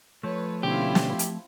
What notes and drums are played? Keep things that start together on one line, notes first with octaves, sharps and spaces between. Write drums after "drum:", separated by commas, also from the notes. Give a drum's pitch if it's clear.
F3 A3 B4 C#5
B2 D3 C4 C#4 E4 F4 G4
drum: snare
drum: hi-hat